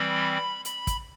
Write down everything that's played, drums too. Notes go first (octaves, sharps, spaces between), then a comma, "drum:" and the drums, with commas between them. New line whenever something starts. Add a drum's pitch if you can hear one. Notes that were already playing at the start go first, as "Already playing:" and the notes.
Already playing: E3 G3 C4 B5
B5, drum: hi-hat
drum: kick, hi-hat